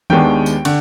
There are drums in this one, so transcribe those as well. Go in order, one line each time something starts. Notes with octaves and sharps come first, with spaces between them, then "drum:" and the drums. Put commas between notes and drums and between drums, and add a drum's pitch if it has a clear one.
D#2 D#3 G#3 B3 D4 G5, drum: tom D#3
drum: tambourine
D3, drum: cymbal